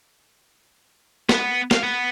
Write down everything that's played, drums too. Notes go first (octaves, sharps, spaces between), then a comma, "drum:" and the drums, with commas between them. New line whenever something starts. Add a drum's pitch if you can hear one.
B3, drum: snare
F5, drum: snare
B3